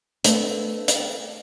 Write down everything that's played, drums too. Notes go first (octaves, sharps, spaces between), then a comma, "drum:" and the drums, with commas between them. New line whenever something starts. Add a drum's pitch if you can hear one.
A3 B3 C4 D4, drum: hi-hat
drum: hi-hat